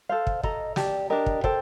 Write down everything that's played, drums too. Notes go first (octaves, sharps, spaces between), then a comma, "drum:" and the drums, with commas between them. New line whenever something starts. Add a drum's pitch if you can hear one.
A4 C5 F5
drum: kick
A4 D#5 A#5, drum: kick
G4 D5 A5, drum: snare
D4 G4 A#4 D#5
drum: kick
A4 C5 G5, drum: kick